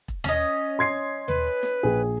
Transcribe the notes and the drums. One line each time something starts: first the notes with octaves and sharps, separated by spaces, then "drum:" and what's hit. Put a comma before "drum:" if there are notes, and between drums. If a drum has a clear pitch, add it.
drum: kick E1
C#4 D#5, drum: tom D#2
C6 G#6 C7
B4, drum: tom D#2
drum: snare
A#1 G#4